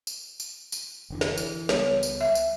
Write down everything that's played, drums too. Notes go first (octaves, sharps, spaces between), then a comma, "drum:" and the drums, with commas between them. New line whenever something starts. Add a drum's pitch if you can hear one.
drum: tambourine
drum: tambourine
drum: tambourine
F1 D3 E3
drum: snare
E3, drum: tambourine
C#2 G3 B3 C#5, drum: snare
drum: tambourine
E5
drum: tambourine